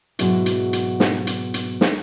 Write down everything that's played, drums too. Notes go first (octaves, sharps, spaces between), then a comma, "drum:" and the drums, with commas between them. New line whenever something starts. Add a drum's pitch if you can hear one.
G#2 B2 F#3 G#3 E4, drum: hi-hat
drum: hi-hat
drum: hi-hat
drum: snare
drum: hi-hat
drum: hi-hat
drum: snare